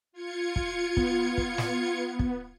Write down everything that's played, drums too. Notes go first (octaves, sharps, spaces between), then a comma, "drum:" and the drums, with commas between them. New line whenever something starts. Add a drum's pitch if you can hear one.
F4 G#6 C#7
drum: kick
B3, drum: kick
drum: kick
drum: snare
drum: kick